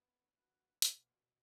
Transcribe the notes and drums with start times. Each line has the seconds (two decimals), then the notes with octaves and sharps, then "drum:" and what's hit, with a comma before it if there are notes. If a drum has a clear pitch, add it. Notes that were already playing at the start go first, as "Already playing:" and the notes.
Already playing: B3
0.21 D3
0.36 F#4 B4
0.52 D3
0.82 B2 B3, drum: hi-hat
0.96 A#2
1.10 B2